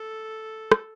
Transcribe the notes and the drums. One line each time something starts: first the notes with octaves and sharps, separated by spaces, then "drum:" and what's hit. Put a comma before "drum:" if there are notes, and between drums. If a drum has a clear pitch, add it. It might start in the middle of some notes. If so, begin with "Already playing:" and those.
Already playing: A4
drum: rim click